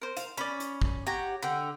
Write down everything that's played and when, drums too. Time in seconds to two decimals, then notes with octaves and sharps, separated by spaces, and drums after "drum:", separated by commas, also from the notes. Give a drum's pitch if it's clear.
0.01 A#4 C5
0.17 F5, drum: hi-hat
0.37 C#4 D5 B5
0.60 drum: hi-hat
0.82 drum: kick
1.07 G4 C#5 F#5 A#5
1.42 D3 F#5 G5